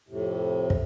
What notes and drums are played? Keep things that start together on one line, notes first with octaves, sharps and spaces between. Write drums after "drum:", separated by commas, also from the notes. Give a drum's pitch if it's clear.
F2 A2 C3
drum: kick